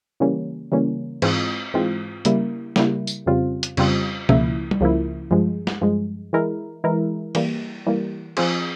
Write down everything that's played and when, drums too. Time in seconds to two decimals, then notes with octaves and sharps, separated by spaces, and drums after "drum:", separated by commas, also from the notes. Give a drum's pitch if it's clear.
0.20 C#3 E3 G3 A#3 C#4
0.72 C#3 E3 G3 A#3 C#4
1.22 G#2 E3 G#3 C4 F4, drum: cymbal
1.74 G#2 E3 G#3 C4 F4
2.25 C#3 G3 A#3 E4, drum: hi-hat
2.76 C#3 G3 A#3 E4, drum: snare
3.07 drum: tambourine
3.26 F2 C#3 G3 C4 F4
3.63 drum: hi-hat
3.77 F2 C#3 G3 C4 F4, drum: cymbal
4.29 C#2 C#3 F3 A#3 E4, drum: tom B2
4.71 drum: tom
4.80 C#2 C#3 F3 A#3 E4
5.31 G2 F3 G#3
5.67 drum: snare
5.81 G2 F3 G#3
6.33 E3 G#3 E4 A#4
6.84 E3 G#3 E4 A#4
7.35 E3 G3 A#3, drum: cymbal
7.87 E3 G3 A#3
8.37 F3 C4 F4 G#4, drum: cymbal